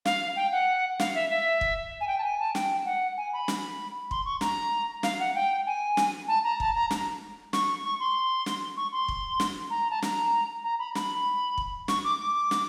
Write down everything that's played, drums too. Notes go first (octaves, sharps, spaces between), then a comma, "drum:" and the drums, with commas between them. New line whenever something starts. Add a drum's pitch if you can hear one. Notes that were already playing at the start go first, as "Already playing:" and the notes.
F5, drum: snare
G5
F#5
F5, drum: snare
E5
E5
drum: kick
G#5
G5
A5
G#5
A5
G5, drum: snare
F#5
G#5
B5
drum: snare
C6, drum: kick
C#6
A#5, drum: snare
F5, drum: snare
F#5
G5
G#5
drum: snare
A5
A#5
A5, drum: kick
A#5
drum: snare
C#6, drum: snare
C#6
C6
drum: snare
C#6
C6
drum: kick
drum: snare
A#5
A5
A#5, drum: snare
A#5
B5
B5, drum: snare
drum: kick
C#6, drum: snare
D6
D6
drum: snare